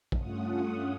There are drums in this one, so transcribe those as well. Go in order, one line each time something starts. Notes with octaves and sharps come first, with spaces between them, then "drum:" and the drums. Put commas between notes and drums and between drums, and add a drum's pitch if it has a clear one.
G2 A3 C#4 F4 F#5 D#6, drum: kick